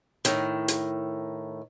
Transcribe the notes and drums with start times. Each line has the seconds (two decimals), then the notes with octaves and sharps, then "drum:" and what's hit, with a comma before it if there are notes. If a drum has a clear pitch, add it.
0.25 A2 D#3, drum: hi-hat
0.68 drum: hi-hat